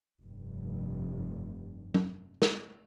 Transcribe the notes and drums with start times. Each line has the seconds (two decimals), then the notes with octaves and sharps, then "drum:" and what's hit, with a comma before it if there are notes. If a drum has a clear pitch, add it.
0.22 F1 G2
1.94 drum: tom
2.42 drum: snare